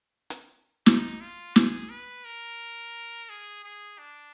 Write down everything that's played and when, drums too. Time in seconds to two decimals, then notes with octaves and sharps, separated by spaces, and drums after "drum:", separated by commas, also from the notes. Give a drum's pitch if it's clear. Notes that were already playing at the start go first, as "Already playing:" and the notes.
0.30 drum: hi-hat
0.86 D#4, drum: snare
1.21 F4
1.56 G#4, drum: snare
1.90 B4
2.25 A#4
3.29 G#4
3.64 G#4
3.99 D4